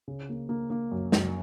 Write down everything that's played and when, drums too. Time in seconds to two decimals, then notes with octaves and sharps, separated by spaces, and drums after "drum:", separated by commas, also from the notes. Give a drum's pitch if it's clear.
0.08 C#3
0.29 A#3
0.49 A#3
0.70 A#3
0.92 F#2
1.12 F#2, drum: snare